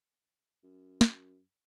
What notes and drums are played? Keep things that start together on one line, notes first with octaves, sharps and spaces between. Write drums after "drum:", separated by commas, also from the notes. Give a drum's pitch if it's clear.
F#2
drum: snare